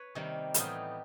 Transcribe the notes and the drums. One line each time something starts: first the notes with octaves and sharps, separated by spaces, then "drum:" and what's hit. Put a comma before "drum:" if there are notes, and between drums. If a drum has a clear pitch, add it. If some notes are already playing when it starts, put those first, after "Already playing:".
Already playing: B4 C#5
C3 D#3 G3 A#3
A2 E3 G3 B3 D#4 F4 G4, drum: hi-hat